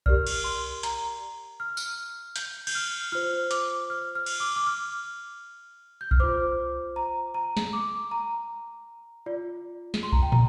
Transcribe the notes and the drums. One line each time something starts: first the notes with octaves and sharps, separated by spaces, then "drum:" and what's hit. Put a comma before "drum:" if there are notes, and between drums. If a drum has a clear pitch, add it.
G4 A#4 D5 F6, drum: kick B1
drum: cymbal
C6
A#5, drum: hi-hat
F6
drum: tambourine
G6, drum: hi-hat
G6, drum: cymbal
F6
F4 C5 F6
D6, drum: hi-hat
F6
F6
drum: cymbal
D6
D6
F6
G6
F6, drum: kick B1
F4 C5 D6
A#5
A#5
drum: snare
D6
A#5
F4 D5
drum: snare
C6
A#5, drum: kick B1
G5
A#5, drum: tom